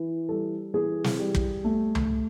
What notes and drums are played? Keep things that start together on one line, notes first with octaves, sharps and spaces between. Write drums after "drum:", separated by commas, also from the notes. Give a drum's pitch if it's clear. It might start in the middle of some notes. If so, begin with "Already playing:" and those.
Already playing: E3
G3 A4
E3 G#4
drum: snare
G3
drum: kick
A3
drum: tom C#2